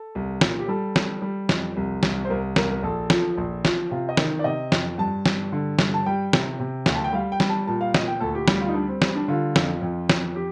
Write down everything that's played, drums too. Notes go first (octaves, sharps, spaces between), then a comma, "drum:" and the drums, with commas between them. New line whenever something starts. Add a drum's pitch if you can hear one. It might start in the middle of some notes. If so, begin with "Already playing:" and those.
Already playing: A4
C2
A#2, drum: snare
G4
G3 A4
G3, drum: snare
G3
F2, drum: snare
C2
C2, drum: snare
C5
C2 A#4
C2 A#4, drum: snare
A#4
A#1 A4
F3, drum: snare
A#1
F3, drum: snare
C3 F4
D#5
D#3, drum: snare
D5
C3 D#5
F2, drum: snare
G2 A5
G2, drum: snare
D3
G2, drum: snare
A5
G3 G5
C3, drum: snare
C3
D2, drum: snare
A5
G5
G3 F5
G5
G3, drum: snare
A5
A#2 A5
F5
A#2 D#5, drum: snare
G5
D2 A4
G4
G3 G4, drum: snare
F4
D#4
G3 D4
C4
G3 C4, drum: snare
D4
D3 F4
F2, drum: snare
F2
F2, drum: snare
G4